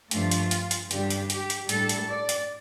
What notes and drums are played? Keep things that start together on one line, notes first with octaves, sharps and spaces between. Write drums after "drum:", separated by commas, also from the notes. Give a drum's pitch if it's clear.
G2 F3 A3 D4 F4, drum: hi-hat
drum: hi-hat
drum: hi-hat
drum: hi-hat
G2 D3 G3 D4 G4, drum: hi-hat
drum: hi-hat
G4, drum: hi-hat
drum: hi-hat
A2 G3 D4 A4, drum: hi-hat
drum: hi-hat
D5
drum: hi-hat